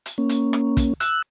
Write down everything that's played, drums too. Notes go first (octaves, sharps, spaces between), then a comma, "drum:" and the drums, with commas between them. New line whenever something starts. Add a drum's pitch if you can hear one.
drum: hi-hat
A#3 C#4
drum: hi-hat
drum: rim click
drum: kick, hi-hat
E6 F#6, drum: hi-hat